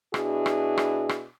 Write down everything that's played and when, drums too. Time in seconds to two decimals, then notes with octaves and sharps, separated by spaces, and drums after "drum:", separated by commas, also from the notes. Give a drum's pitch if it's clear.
0.14 B2 D4 E4 F#4 G#4, drum: rim click
0.46 drum: rim click
0.78 drum: rim click
1.09 drum: rim click